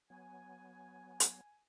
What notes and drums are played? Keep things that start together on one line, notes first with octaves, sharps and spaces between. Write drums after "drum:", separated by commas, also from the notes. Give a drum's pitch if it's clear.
F#3 B3 G#5
drum: hi-hat